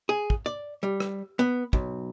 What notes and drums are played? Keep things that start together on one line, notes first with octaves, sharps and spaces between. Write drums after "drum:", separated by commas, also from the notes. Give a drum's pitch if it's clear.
G#4
drum: kick
D5
G3
drum: rim click
B3
B1, drum: kick